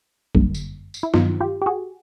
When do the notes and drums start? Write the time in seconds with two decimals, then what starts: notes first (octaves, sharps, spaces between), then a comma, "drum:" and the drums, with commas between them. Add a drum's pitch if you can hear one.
0.35 G1 F#2 D3 G3 A#3, drum: kick
0.54 drum: tambourine
0.94 drum: tambourine
1.03 E4
1.14 G2 D#3 F#3 B3 D#4 F4, drum: snare
1.40 F4 G4
1.62 G4
1.66 F#4 G#4